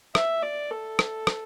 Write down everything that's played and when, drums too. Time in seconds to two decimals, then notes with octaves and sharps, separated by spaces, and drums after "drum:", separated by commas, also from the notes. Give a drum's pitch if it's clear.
0.15 E5, drum: rim click
0.42 D5
0.71 A4
0.99 drum: rim click
1.27 drum: rim click